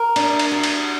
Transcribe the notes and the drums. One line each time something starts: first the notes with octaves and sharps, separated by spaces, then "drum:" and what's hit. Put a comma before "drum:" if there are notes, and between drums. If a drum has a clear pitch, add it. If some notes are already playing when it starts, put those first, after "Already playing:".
Already playing: A#4
D4, drum: cymbal
drum: cymbal
F#4
drum: cymbal